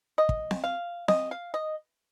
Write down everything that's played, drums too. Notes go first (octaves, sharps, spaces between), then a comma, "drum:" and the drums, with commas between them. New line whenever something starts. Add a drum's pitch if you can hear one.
D#5
drum: kick
drum: snare C4
F5
D#5, drum: snare C4
F5
D#5